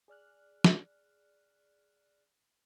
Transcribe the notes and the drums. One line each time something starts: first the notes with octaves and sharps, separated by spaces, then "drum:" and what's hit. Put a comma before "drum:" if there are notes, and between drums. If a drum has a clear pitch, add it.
G#4 D5 F6 F#6
drum: snare